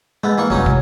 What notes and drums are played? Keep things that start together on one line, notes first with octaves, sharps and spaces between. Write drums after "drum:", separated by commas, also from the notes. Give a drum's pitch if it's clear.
G#3 A3 B3
E3 A#3 C#6
F1 E2 F#3 C#4 D#4
C2, drum: kick